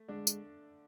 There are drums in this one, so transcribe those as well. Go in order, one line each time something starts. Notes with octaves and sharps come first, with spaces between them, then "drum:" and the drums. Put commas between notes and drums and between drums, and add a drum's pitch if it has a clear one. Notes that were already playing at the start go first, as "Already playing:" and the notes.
Already playing: A3
D3 G#3 D4
drum: tambourine